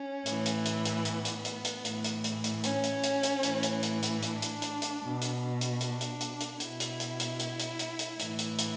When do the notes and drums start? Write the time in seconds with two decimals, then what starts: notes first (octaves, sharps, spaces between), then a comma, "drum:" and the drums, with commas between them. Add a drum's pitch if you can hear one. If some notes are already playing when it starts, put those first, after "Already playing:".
Already playing: C#4
0.26 A2 E3, drum: hi-hat
0.46 drum: hi-hat
0.65 drum: hi-hat
0.85 drum: hi-hat
1.05 B3, drum: hi-hat
1.25 drum: hi-hat
1.45 drum: hi-hat
1.65 drum: hi-hat
1.85 A2 E3, drum: hi-hat
2.04 drum: hi-hat
2.24 drum: hi-hat
2.44 drum: hi-hat
2.64 C#4, drum: hi-hat
2.83 drum: hi-hat
3.03 drum: hi-hat
3.23 drum: hi-hat
3.43 A2 E3, drum: hi-hat
3.63 drum: hi-hat
3.83 drum: hi-hat
4.02 drum: hi-hat
4.22 D4, drum: hi-hat
4.42 drum: hi-hat
4.62 drum: hi-hat
4.82 drum: hi-hat
5.02 B2
5.21 drum: hi-hat
5.61 drum: hi-hat
5.81 D4, drum: hi-hat
6.01 drum: hi-hat
6.21 drum: hi-hat
6.40 drum: hi-hat
6.60 B2 E4, drum: hi-hat
6.80 drum: hi-hat
7.00 drum: hi-hat
7.20 drum: hi-hat
7.39 drum: hi-hat
7.59 drum: hi-hat
7.79 drum: hi-hat
7.99 drum: hi-hat
8.19 A2 E3, drum: hi-hat
8.39 drum: hi-hat
8.58 drum: hi-hat